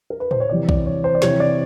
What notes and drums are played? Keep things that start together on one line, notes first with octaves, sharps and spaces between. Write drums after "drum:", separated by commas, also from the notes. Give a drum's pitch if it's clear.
A#4
B4
C5, drum: tom A2
C#5
C3 E3 G3 D5
D5, drum: kick B1
C#5
C5
D5
C3 E3 G3 C#5, drum: snare
D5